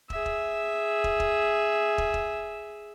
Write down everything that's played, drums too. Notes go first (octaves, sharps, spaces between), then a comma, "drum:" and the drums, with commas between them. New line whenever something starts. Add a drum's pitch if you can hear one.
G#4 E5, drum: kick
drum: kick
drum: kick
drum: kick
drum: kick
drum: kick